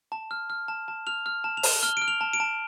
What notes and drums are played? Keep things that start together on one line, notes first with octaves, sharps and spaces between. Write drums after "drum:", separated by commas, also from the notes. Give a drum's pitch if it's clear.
A5
F6
F6
A5
A5
F6 F7
F6
A5
F7
A5, drum: open hi-hat
F6 G7
F6 D7
F7
A5
D7
A5